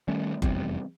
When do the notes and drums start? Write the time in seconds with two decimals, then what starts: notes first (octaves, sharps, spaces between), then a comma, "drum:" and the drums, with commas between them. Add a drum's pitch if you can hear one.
0.08 D#3 G3 A3 C#4
0.42 F1 E2 G3 C4, drum: kick F#1